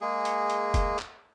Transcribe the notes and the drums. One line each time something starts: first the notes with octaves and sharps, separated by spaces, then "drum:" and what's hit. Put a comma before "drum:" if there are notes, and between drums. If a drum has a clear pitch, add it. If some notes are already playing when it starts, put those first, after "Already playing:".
G#3 A#3 G#4
drum: hi-hat
drum: hi-hat
drum: kick, hi-hat
drum: clap